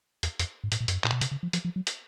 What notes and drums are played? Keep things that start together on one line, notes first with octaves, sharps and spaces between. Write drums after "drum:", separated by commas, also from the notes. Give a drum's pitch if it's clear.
E2, drum: hi-hat
F2, drum: hi-hat
G#2
A2, drum: hi-hat
A#2
F#2, drum: hi-hat
A#2, drum: clap
B2
C3, drum: hi-hat
C#3
F3
F3, drum: hi-hat
F3
F#3
drum: hi-hat